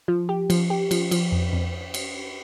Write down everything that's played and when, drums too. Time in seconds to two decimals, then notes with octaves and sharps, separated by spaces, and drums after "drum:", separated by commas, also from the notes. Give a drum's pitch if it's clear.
0.08 F3
0.29 G4
0.50 F3, drum: cymbal
0.70 G4
0.91 F3, drum: cymbal
1.11 F3, drum: cymbal
1.32 F2
1.53 F2
1.94 drum: cymbal